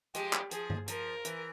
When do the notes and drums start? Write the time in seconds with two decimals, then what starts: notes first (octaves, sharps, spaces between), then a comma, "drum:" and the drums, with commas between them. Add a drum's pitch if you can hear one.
0.15 F3 G#3 G4, drum: hi-hat
0.33 drum: clap
0.51 F3 G#4, drum: hi-hat
0.70 drum: tom G2
0.88 F3 A#4, drum: hi-hat
1.25 E3, drum: hi-hat